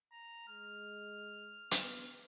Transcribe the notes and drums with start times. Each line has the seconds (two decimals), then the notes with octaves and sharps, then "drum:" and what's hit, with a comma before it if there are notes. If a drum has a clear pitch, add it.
0.12 A#5
0.48 G#3 F6
1.71 B3, drum: hi-hat